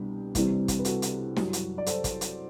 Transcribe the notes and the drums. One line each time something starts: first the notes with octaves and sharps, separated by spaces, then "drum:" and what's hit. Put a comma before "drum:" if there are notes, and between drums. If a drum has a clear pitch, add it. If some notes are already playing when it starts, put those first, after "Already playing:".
Already playing: C2 B2 B3 D4 G4
C2 C3 E3 G3 C4, drum: kick, hi-hat
drum: kick, hi-hat
B4
F#4 A4, drum: hi-hat
drum: hi-hat
F#2 E3 G3, drum: snare
drum: hi-hat
D5
A4 C5, drum: hi-hat
drum: kick, hi-hat
drum: hi-hat